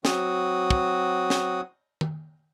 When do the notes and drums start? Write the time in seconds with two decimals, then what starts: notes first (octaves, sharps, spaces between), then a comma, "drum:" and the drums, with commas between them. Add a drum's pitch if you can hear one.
0.05 F#3 C4 F#4 D#6, drum: snare
0.70 drum: kick
1.30 drum: snare
2.01 drum: tom D#3